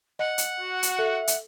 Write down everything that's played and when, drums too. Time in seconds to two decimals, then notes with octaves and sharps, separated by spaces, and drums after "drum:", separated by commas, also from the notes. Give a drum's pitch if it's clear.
0.19 D#5 F#5
0.38 drum: hi-hat
0.60 F#4
0.83 drum: hi-hat
0.99 A4 E5
1.28 drum: hi-hat